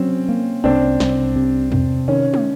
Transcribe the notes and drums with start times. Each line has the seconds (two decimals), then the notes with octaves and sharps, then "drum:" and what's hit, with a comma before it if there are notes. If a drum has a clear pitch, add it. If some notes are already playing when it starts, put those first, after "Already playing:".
Already playing: F#3 C4 C#4
0.29 A#3
0.64 C2 C4 D4
1.00 C2, drum: snare
1.36 C3
1.72 C3, drum: tom E2
2.08 D#3 C#4
2.34 drum: tom